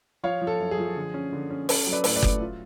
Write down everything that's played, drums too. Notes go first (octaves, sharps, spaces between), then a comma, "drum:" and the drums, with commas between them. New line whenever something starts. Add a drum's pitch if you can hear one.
F3 C#5 F5
F3
A4
F#2
G#4
F3
D3
C#4
D3
C#4
C#4 A4, drum: open hi-hat
F#3
B4 D5
A2, drum: open hi-hat
B4 D5
F#3, drum: kick F#1
F4